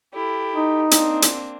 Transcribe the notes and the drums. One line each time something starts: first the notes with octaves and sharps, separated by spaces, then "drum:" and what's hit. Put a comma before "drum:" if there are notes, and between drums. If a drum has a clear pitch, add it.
E4 G4 A4
D#4
A#3 C4 D4, drum: hi-hat
drum: hi-hat